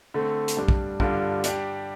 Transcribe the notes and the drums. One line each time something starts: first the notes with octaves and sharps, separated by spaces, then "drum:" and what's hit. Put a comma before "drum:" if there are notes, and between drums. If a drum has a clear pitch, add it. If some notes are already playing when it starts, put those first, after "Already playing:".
D3 A3 C4
drum: hi-hat
G2 G3 D4
drum: kick A#1
G2 D3 G3 D4 F4, drum: kick A#1
G3 D4 G4, drum: hi-hat